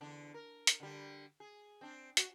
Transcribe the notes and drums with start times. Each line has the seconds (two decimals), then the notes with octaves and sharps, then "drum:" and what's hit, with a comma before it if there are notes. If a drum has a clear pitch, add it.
0.01 E2 D3 D4
0.34 A#4
0.67 drum: hi-hat
0.80 D3 G3
1.40 G#4
1.81 C4 D4
2.17 F#4, drum: hi-hat